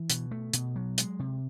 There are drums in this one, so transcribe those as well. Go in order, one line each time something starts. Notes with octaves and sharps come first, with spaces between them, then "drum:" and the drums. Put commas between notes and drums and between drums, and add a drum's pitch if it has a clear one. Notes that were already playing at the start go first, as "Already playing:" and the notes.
Already playing: E3
B2, drum: hi-hat
A3
B2, drum: hi-hat
F#3
G#3, drum: hi-hat
C3